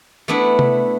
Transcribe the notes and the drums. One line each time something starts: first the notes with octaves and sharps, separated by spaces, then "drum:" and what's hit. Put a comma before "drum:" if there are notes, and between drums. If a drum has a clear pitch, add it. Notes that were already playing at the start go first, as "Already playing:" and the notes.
A3 B3 D4 E4
drum: tom C3